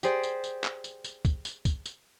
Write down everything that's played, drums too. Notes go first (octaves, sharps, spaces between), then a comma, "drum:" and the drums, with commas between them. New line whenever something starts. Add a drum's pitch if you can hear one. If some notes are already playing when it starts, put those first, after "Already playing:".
G4 G#4 C5 D5, drum: tambourine
drum: tambourine
drum: tambourine
drum: clap
drum: tambourine
drum: tambourine
drum: kick, tambourine
drum: tambourine
drum: kick, tambourine
drum: tambourine